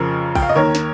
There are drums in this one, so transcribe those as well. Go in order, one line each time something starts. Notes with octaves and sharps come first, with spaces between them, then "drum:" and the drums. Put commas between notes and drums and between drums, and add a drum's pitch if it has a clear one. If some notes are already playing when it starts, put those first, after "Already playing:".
Already playing: F2 C#3 F3 A#4
G5, drum: kick A#1, open hi-hat
F5
D#5
D#2 D#3 A#4 C#5
drum: snare